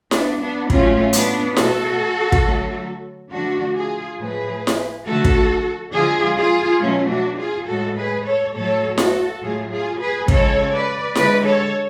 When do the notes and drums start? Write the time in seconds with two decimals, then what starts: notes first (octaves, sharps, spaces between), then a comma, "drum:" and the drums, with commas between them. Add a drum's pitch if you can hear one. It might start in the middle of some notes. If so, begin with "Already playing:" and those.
0.11 B3 D4, drum: snare E4
0.41 B3 D4
0.70 A2 F#3 A3 C#4 F4, drum: kick
1.13 B3 D4, drum: hi-hat
1.57 B2 A3 F#4 A4, drum: snare E4
2.32 drum: kick
2.44 D3 F#3 A3
3.31 D3 F3 A3 D4 F#4
3.75 F4 G#4
4.19 A2 F3 A3 G#4 B4
4.67 drum: snare E4
5.05 D3 F3 A3 F#4 A4
5.24 drum: kick
5.93 D3 F3 G#3 F4 G#4
6.36 F4 G#4
6.80 B2 F#3 A3 C#4 F4
7.09 D4 F#4
7.38 F4 G#4
7.67 A2 G#3 F#4 A4
7.96 G#4 B4
8.25 A4 C#5
8.54 A2 F#3 A3 A4 C#5
8.98 F#4 A4, drum: snare E4
9.42 A2 F#3 A3 F4 G#4
9.71 F4 G#4
9.99 G#4 B4
10.28 C#3 F3 G#3 A4 C#5, drum: kick
10.72 B4 D5
11.15 D3 G#3 B4 D5, drum: snare E4
11.44 A4 C#5